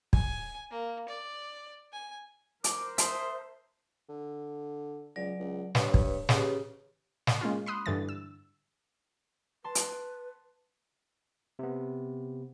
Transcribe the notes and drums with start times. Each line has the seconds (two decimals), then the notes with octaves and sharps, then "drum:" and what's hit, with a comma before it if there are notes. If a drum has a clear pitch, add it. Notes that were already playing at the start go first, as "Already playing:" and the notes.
0.13 G#5, drum: kick
0.71 A#3
1.08 D5
1.93 G#5
2.64 A#4 C5 D6, drum: hi-hat
2.98 E5 A5 C6 D#6, drum: hi-hat
4.09 D3
5.16 C#2 F#3 D5
5.39 C#2
5.75 G2 B4 C#5, drum: snare
5.94 drum: kick
6.29 C#3 G4 B4 C#5, drum: snare
7.27 drum: snare
7.41 G#3 A#3 C#4 F4
7.66 B5 C6 D#6 F#6
7.86 G2 D3 E3 A6
8.09 E6
9.64 B4 A5 C6
9.75 drum: hi-hat
11.59 C3 B3